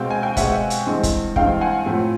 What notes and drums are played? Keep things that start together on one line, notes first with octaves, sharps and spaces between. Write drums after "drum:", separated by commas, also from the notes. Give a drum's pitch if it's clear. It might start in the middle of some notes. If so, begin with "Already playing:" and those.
Already playing: B2 G#3 C4 F5 G5
G#5
G5
B2 G#3 C4 E5 F#5, drum: kick, hi-hat
drum: hi-hat
G2 E3 G#3 C4
drum: kick, hi-hat
G2 E3 G#3 C4 F5 G5, drum: kick
F#5 G#5
A2 F3 A3 C4